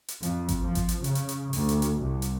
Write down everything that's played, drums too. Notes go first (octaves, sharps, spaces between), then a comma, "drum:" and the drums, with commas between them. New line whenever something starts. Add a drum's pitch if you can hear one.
drum: hi-hat
F2, drum: hi-hat
drum: kick G#1, hi-hat
F3
drum: kick G#1, hi-hat
drum: hi-hat
C#3, drum: hi-hat
drum: hi-hat
drum: hi-hat
D2, drum: open hi-hat
drum: hi-hat
drum: hi-hat
C2
drum: hi-hat